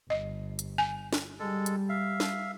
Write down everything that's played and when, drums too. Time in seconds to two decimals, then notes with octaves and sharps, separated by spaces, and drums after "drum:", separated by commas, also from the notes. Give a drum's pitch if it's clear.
0.10 G1 D#5
0.59 drum: hi-hat
0.78 G#5
1.13 drum: snare
1.39 G3 G#3 A4
1.66 drum: hi-hat
1.89 E5 F5
2.20 drum: snare